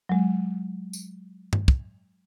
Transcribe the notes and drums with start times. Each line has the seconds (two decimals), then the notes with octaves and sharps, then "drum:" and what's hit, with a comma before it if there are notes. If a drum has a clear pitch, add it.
0.09 F#3 G#3
0.93 drum: tambourine
1.53 drum: tom G2
1.68 drum: kick